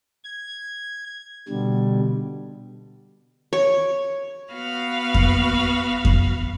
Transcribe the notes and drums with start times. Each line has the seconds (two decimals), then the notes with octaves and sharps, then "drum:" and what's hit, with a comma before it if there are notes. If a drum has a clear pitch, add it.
0.24 G#6
1.48 B2 D3 G3
3.53 C#5
4.52 B3 F#4 F5 B5 F6
5.14 drum: kick F2
6.05 drum: kick F2